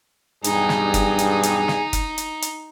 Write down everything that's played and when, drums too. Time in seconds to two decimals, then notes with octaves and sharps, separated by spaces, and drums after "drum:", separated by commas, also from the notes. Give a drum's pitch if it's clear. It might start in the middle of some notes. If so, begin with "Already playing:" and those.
0.44 B1 E2 G2 D#4 G#4, drum: hi-hat
0.69 drum: snare
0.94 drum: kick, hi-hat
1.19 drum: hi-hat
1.43 drum: hi-hat
1.68 drum: snare
1.93 drum: kick, hi-hat
2.18 drum: hi-hat
2.42 drum: hi-hat